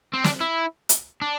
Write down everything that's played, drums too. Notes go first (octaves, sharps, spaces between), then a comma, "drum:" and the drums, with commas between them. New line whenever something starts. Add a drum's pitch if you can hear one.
C4
D4, drum: snare
E4
drum: hi-hat
D4